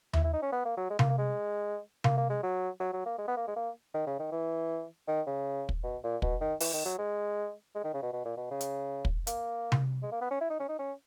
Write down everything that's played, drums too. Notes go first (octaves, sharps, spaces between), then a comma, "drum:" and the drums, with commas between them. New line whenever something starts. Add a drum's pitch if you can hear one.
E4, drum: tom D#2
E4
D#4
C#4
B3
A#3
F#3
G#3
A#3, drum: tom C3
A#3
G#3
A#3, drum: tom C3
A#3
G#3
F#3
F#3
F#3
A#3
G#3
B3
A#3
G#3
A#3
D#3
C#3
D#3
E3
D#3
C#3
drum: kick
B2
A#2
B2, drum: kick
D#3
E3, drum: open hi-hat
D#3
F#3
G#3
G#3
D#3
C#3
B2
B2
A#2
B2
C#3
drum: hi-hat
drum: kick
A#3, drum: hi-hat
drum: tom C3
G#3
A#3
B3
C#4
E4
D#4
C#4
D#4
C#4